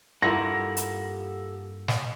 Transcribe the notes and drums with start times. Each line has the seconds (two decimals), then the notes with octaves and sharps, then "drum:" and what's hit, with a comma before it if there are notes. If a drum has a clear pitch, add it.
0.22 G2 A#3 E4 F4 G4 A4 F#5 A#6
0.77 drum: hi-hat
1.88 drum: snare